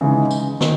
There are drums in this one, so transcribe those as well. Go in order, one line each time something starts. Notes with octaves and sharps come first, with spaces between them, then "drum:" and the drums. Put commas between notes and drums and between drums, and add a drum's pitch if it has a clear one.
C#3 E3 G#3 D#4
drum: tambourine
D#3, drum: snare